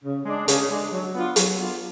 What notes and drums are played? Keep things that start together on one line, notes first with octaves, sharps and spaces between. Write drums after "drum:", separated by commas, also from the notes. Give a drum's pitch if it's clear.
C#3
G#3 D4
C#3, drum: hi-hat
G#3 D4
F#3
B3 D4 F4
F#3, drum: hi-hat
B3 D4 F4